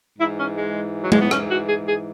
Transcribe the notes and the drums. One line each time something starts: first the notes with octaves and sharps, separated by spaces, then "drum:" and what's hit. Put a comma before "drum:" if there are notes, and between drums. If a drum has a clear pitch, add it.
G#2 E3 E4
C#4
G#3
F#3
G#3, drum: tom G#3
B3
C#4, drum: rim click
F#4
G#4
G#4